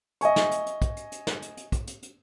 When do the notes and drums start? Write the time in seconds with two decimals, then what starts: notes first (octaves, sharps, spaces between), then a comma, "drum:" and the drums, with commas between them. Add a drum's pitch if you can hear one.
0.21 D#5 E5 G#5 C#6, drum: hi-hat
0.36 drum: snare
0.51 drum: hi-hat
0.66 drum: hi-hat
0.82 drum: kick, hi-hat
0.97 drum: hi-hat
1.12 drum: hi-hat
1.27 drum: snare
1.42 drum: hi-hat
1.57 drum: hi-hat
1.72 drum: kick, hi-hat
1.87 drum: hi-hat
2.03 drum: hi-hat